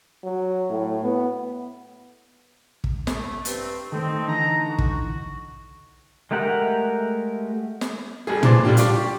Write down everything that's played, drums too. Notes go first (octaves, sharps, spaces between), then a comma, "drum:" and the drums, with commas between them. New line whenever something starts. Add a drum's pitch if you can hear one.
F#3
A2
B3
drum: kick
A3, drum: snare
G2 C4, drum: hi-hat
D#3 A3 C4 A4 D#5
D3 E3 D#4 A#5
F#4
drum: kick
G#3 A3 G4 A#4 F#5
drum: snare
A1 G3 A3 G#4
G2 E3 D4 C5 A5 D6, drum: tom
D3 G3 D4 F4 G4
D4 F4 G4 D5 C#6, drum: hi-hat
G4